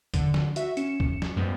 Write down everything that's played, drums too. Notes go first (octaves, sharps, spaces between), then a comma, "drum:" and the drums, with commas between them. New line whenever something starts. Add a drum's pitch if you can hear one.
D3, drum: kick, hi-hat
drum: snare
F#4 E5, drum: hi-hat
C#4 C#7 E7, drum: hi-hat
drum: kick
drum: snare
F#2 F3 G3 G#3 B3